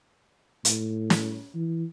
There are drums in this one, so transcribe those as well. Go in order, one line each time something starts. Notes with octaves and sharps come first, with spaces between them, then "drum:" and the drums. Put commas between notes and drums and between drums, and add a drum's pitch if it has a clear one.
A2, drum: hi-hat
drum: snare
E3